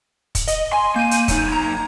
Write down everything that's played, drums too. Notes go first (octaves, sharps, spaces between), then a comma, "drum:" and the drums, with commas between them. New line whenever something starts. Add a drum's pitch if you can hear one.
drum: kick, hi-hat
D#5, drum: hi-hat
G#5 C6
A#3 G6 D#7
drum: hi-hat
F#3 D#4, drum: kick, hi-hat
A#5 G#6